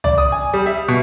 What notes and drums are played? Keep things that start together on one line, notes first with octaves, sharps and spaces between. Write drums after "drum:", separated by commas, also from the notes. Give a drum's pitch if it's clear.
D5, drum: tom
D#6
G#5
G3
E5
B2